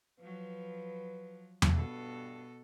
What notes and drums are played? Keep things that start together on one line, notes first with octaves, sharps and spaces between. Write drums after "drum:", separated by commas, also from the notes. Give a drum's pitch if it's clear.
F3 F#3 B4
drum: tom E2
G2 B2 A4